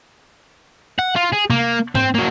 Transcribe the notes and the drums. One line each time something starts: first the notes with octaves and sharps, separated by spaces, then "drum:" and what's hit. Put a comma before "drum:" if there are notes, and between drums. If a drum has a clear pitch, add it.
F#5
F4
G#4
A#3, drum: tom C3
C4, drum: tom G#2
F#3 A#3